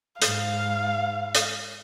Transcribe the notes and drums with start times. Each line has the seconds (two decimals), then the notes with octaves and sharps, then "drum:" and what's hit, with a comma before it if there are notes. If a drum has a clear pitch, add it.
0.22 G#2 F5, drum: hi-hat
1.35 drum: hi-hat